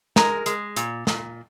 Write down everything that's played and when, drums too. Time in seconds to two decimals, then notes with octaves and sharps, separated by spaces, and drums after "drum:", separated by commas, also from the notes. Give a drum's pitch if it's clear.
0.16 G#3 A#4, drum: snare
0.46 G#3, drum: hi-hat
0.76 A#2, drum: hi-hat
1.07 A#2, drum: snare